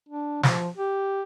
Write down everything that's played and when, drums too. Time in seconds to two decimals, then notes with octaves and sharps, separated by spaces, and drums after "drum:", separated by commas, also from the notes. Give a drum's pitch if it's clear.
0.09 D4
0.43 F3, drum: snare
0.78 G4